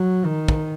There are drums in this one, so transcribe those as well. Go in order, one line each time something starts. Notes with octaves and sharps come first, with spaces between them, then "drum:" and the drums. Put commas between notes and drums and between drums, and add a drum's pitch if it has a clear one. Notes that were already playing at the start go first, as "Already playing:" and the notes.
Already playing: F#3
D#3
drum: kick